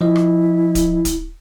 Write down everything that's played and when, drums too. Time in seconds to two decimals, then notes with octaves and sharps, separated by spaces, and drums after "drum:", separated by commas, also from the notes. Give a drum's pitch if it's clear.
0.01 F3 E4 D#5
0.16 drum: rim click
0.75 drum: kick D1, hi-hat
1.05 drum: kick D1, hi-hat